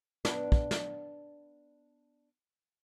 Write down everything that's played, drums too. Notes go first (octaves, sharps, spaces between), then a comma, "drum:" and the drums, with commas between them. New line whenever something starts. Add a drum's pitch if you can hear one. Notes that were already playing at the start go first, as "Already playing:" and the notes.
B3 D4, drum: snare
drum: kick
drum: snare